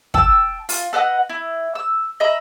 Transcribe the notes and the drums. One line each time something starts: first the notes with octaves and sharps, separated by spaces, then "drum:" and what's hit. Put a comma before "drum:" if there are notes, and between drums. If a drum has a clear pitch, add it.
G5 A5 E6, drum: kick
F4, drum: open hi-hat
A4 B4 D#5 F#5
E4
E6
D#5 E5 A#5 B5